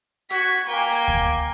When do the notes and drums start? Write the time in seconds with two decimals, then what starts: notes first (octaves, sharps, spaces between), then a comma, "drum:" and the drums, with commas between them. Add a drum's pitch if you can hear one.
0.30 F#4 G#6 B6, drum: hi-hat
0.66 A#3 G5 G#5
0.92 drum: hi-hat
1.08 drum: kick D2